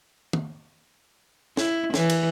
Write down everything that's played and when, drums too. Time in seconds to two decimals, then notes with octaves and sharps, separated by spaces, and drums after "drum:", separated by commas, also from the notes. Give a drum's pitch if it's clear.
0.33 drum: tom
1.57 E4, drum: snare
1.94 E3, drum: snare
2.10 drum: cymbal